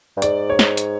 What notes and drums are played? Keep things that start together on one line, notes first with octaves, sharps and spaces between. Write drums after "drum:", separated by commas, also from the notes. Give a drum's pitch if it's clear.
G2
G#2 D5, drum: hi-hat
C#5
drum: snare
drum: hi-hat